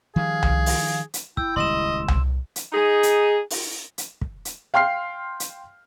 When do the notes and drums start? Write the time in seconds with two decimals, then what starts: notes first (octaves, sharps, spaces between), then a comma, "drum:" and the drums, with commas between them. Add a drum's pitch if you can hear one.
0.16 D#3 F3 G3 G#4 F5
0.43 drum: tom C2
0.66 drum: open hi-hat
1.14 drum: hi-hat
1.37 E4 G5 E6, drum: kick
1.56 D#1 C#2 G3 D#5 C6 E7
2.08 drum: tom C2
2.56 drum: hi-hat
2.73 D#4 G#4
3.03 drum: hi-hat
3.50 drum: open hi-hat
3.98 drum: hi-hat
4.21 drum: kick
4.45 drum: hi-hat
4.74 F5 G5 C6 F6 C7
5.40 drum: hi-hat